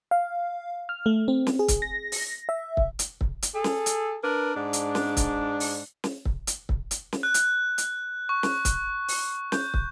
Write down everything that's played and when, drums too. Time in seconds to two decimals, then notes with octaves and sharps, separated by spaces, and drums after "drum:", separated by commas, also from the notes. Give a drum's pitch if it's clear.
0.11 F5
0.89 F6
1.06 A3
1.28 C4
1.47 drum: snare
1.59 G#4
1.68 drum: kick, hi-hat
1.82 A#6
2.12 drum: open hi-hat
2.49 E5
2.77 drum: kick
2.99 drum: hi-hat
3.21 drum: kick
3.42 drum: hi-hat
3.55 G#4 A4
3.64 drum: snare
3.86 drum: hi-hat
4.24 D4 A#4 B4
4.55 G#2 D4
4.73 drum: hi-hat
4.95 drum: snare
5.17 drum: kick, hi-hat
5.60 drum: open hi-hat
6.04 drum: snare
6.25 drum: kick
6.47 drum: hi-hat
6.69 drum: kick
6.91 drum: hi-hat
7.13 drum: snare
7.23 F#6
7.34 drum: hi-hat
7.78 drum: hi-hat
8.29 C#6
8.43 drum: snare
8.65 drum: kick, hi-hat
9.08 drum: open hi-hat
9.52 G6, drum: snare
9.74 drum: kick